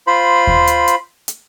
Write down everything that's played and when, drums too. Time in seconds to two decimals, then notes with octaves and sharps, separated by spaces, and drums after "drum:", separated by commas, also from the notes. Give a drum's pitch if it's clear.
0.07 F4 C5 B5
0.47 drum: kick D#2
0.67 drum: hi-hat
0.88 drum: hi-hat
1.28 drum: hi-hat